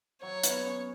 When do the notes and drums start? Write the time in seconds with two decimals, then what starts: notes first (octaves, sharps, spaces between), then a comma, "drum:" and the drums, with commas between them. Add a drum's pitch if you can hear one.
0.22 F#3 C#5
0.43 B3, drum: hi-hat
0.65 C#4